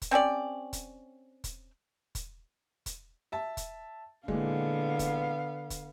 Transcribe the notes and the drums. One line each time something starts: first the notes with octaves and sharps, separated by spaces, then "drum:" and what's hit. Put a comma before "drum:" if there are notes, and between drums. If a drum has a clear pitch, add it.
drum: kick, hi-hat
C4 C#4 G4 D5
drum: kick, hi-hat
drum: kick, hi-hat
drum: kick, hi-hat
drum: kick, hi-hat
E5 A5
drum: kick, hi-hat
A#2 D3 E3 G#3 B3 F5, drum: kick
drum: kick, hi-hat
drum: kick, hi-hat